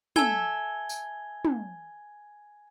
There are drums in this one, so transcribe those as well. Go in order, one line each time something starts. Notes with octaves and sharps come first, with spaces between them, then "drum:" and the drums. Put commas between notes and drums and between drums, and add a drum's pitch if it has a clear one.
A4 E5 G#5 G#6 G7, drum: tom
drum: tambourine
drum: tom